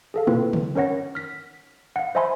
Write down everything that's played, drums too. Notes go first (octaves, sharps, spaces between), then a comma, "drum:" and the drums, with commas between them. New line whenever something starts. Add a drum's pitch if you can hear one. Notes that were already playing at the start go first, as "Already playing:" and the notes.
G#4 A4 F5
A#3 C4 E4 F4 B4, drum: tom
drum: tom
C#4 A#4 C#5 F#5 A#6
F6 B6
F5 F#5
C5 D#5 E5 G#5 B5 C6